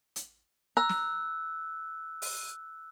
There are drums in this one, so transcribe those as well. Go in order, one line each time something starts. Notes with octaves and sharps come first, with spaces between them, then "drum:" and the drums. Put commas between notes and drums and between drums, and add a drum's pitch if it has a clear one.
drum: hi-hat
A#5 E6 F#6
drum: snare
drum: open hi-hat